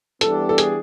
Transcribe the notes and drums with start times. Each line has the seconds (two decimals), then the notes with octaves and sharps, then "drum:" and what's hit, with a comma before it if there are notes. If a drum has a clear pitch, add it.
0.21 E3 G3 B3 D4 G4 A4, drum: hi-hat
0.49 A4
0.58 G#4, drum: hi-hat